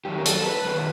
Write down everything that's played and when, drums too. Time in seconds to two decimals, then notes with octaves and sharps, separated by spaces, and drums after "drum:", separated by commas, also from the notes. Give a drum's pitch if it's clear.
0.05 F#2 D#3 F#3 G4
0.18 A#4
0.25 A4, drum: hi-hat
0.46 B4
0.65 F#2 D#3 F#3 B4